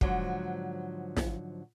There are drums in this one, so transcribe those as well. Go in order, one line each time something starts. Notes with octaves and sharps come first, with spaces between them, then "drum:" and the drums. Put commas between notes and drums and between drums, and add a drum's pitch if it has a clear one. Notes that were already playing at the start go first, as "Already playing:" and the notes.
G#2 D3 F3 F#3, drum: kick
drum: snare